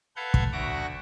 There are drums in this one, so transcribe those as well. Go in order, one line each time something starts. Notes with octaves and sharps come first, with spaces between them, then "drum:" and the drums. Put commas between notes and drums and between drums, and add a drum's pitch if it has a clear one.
A4 B4 F5 F#5 G6 G#6
drum: kick
D2 F#4 E5 F#5 D6 A#6